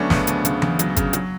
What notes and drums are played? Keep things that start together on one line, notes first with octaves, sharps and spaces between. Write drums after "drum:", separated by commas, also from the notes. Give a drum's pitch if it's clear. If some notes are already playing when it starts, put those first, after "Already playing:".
Already playing: D2 F#3 A3 B3 C#4 D4
C#3 B3, drum: snare
D2, drum: hi-hat
C#3, drum: hi-hat
C#3, drum: tom E3
F#3, drum: hi-hat
C#3, drum: kick, hi-hat
F#3, drum: hi-hat